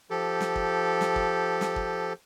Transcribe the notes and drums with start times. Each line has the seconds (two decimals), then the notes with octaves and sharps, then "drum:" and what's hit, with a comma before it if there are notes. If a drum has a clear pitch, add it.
0.10 F3 G4 A4
0.41 drum: snare
0.56 drum: kick
1.01 drum: snare
1.16 drum: kick
1.61 drum: snare
1.76 drum: kick